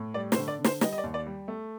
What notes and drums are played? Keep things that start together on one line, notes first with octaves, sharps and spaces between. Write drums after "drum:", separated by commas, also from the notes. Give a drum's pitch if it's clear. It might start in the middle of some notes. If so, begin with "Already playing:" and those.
Already playing: A2
G3 D5
C5, drum: snare
D3
D5
D3
C5, drum: snare
G3 D#5, drum: snare
D#5
D5
D#2
D5
G3
A3